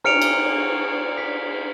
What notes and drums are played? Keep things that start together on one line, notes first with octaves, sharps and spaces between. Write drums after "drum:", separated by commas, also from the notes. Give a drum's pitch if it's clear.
A#5 F6 C#7 D7 F7, drum: cymbal
drum: cymbal
B6